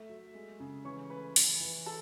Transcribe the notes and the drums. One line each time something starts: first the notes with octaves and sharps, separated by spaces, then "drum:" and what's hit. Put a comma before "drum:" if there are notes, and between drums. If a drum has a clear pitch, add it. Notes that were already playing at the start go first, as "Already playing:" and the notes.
Already playing: A3 E5
F#3
G#3
C#3
E3 C#5 C#6
A3 B4 B5
E3, drum: open hi-hat
E3
A4 A5